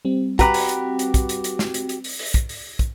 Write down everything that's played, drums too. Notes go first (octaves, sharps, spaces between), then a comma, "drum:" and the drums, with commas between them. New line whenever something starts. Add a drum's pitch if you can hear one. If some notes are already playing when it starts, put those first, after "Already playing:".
G3 C4
F#4 G4 B4 A#5, drum: kick, hi-hat
drum: open hi-hat
drum: hi-hat
drum: hi-hat
drum: kick, hi-hat
drum: hi-hat
drum: hi-hat
drum: snare
drum: hi-hat
drum: hi-hat
drum: open hi-hat
drum: open hi-hat
drum: kick, hi-hat
drum: open hi-hat
drum: kick, hi-hat